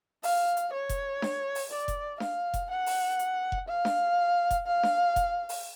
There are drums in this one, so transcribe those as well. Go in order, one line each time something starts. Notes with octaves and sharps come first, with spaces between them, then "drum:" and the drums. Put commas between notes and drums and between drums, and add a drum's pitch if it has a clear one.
F5, drum: open hi-hat
drum: hi-hat
C#5
drum: kick F1, hi-hat
drum: snare D4
drum: open hi-hat
D5
drum: kick F1, hi-hat
F5, drum: snare D4
drum: kick F1, hi-hat
F#5
drum: open hi-hat
drum: hi-hat
drum: kick F1
F5
drum: snare D4
drum: kick F1, hi-hat
F5
drum: snare D4
drum: kick F1, hi-hat
drum: open hi-hat